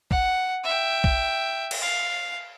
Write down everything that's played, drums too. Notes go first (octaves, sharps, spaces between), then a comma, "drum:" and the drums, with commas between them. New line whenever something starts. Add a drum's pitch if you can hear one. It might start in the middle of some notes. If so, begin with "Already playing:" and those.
F#5, drum: kick
E5 G5
drum: kick
drum: cymbal
F5